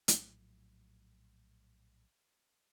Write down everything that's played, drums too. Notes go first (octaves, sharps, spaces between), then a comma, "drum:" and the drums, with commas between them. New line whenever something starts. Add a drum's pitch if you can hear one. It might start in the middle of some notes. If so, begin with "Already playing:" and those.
A#1 A2 F#3, drum: hi-hat